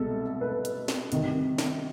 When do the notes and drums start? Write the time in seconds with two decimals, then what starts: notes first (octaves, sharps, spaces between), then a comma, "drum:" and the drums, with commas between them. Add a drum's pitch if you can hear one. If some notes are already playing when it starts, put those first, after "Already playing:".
Already playing: C2 B2 G#3 A4
0.41 B4
0.65 drum: hi-hat
0.88 drum: snare
1.12 C2 C3 D#3, drum: hi-hat
1.58 drum: snare